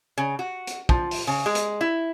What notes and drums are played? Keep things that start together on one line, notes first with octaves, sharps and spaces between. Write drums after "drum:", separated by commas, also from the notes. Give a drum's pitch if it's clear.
C#3
F#4
drum: hi-hat
F3, drum: kick
drum: open hi-hat
C#3
G#3
drum: hi-hat
E4